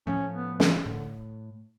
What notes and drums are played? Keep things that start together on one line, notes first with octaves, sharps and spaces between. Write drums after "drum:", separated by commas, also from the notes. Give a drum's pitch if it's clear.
A2 F3 A3 C#4
B3
C#3, drum: snare
A2 D3